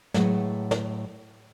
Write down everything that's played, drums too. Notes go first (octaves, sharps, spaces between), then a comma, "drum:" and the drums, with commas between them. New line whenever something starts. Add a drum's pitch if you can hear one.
A2 F#3 G#3 B4 F#5, drum: snare
drum: snare